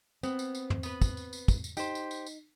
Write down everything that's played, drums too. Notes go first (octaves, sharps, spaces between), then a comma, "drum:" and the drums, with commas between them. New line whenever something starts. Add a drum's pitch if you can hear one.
B3 C4, drum: tambourine
drum: tambourine
drum: tambourine
drum: tom
B3 B4, drum: tambourine
drum: kick, tambourine
drum: tambourine
drum: tambourine
drum: kick, tambourine
drum: tambourine
D#4 G4 C5, drum: tambourine
drum: tambourine
drum: tambourine
drum: tambourine